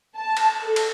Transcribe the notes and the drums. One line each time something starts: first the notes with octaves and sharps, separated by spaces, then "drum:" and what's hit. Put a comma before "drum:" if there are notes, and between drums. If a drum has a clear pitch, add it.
A5
drum: cymbal
A4
drum: cymbal